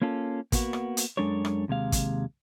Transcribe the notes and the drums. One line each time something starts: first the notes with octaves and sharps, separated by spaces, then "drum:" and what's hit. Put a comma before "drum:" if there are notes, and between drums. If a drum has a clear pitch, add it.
A#3 C#4 F4 A4
A#3 B3 F#4, drum: kick, hi-hat
drum: rim click
drum: hi-hat
F#2 G#3 D4 A4 A#4 C#5
drum: rim click
D#2 C3 G#3 F5
drum: kick, hi-hat